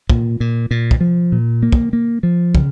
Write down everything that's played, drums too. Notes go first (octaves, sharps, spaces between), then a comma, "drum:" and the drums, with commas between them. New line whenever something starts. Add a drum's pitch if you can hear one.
A#2, drum: kick
A#2
A#2
drum: kick
F3
A#2
A#3
drum: kick
A#3
F3
C#3, drum: kick